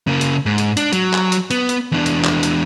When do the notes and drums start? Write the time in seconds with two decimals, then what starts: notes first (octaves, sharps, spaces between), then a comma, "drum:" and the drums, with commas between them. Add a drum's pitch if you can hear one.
0.07 C#3 A#3
0.21 drum: hi-hat
0.46 G#2
0.58 drum: hi-hat
0.77 D4, drum: hi-hat
0.93 F#3, drum: hi-hat
1.14 drum: clap
1.32 drum: hi-hat
1.51 B3, drum: hi-hat
1.69 drum: hi-hat
1.92 E2 D4
2.06 drum: hi-hat
2.25 drum: clap
2.43 drum: hi-hat